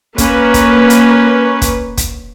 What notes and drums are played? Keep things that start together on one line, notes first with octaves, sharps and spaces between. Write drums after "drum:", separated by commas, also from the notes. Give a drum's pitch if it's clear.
A#3 C#4 B4, drum: kick, hi-hat
drum: kick, hi-hat
drum: hi-hat
drum: kick, hi-hat
drum: kick, hi-hat